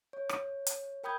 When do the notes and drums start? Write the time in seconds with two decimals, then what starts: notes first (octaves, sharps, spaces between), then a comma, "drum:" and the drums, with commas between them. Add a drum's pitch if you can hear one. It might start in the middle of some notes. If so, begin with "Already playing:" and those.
0.13 C#5
0.29 drum: rim click
0.66 drum: hi-hat
1.04 A#4 G5 B5 D#6 G6 G#6